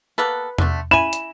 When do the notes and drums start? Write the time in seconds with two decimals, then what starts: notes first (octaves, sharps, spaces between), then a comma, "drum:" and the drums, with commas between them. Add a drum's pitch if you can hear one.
0.18 A#3 B3 A4 B4
0.58 D3 A3, drum: tom E2
0.91 E4 G#5 B5 E7
1.13 drum: hi-hat